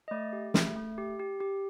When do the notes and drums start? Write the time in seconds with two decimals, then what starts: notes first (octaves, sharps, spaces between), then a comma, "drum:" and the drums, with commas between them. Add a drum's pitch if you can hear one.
0.08 D#5
0.11 A3 D5
0.33 G4
0.54 A3, drum: snare
0.76 A3
0.98 G4
1.19 G4
1.40 G4